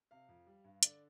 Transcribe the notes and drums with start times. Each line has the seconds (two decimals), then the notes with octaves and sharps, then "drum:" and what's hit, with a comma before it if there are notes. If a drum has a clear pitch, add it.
0.11 C3 F5
0.29 F2
0.47 G3
0.64 G2
0.83 D3 D5, drum: hi-hat